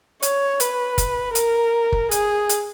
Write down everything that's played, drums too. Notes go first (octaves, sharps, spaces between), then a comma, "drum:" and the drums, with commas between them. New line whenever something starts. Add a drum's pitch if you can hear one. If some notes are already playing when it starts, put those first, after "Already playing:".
C#5, drum: hi-hat
B4, drum: hi-hat
drum: kick, hi-hat
A#4, drum: hi-hat
drum: kick
G#4, drum: hi-hat
drum: hi-hat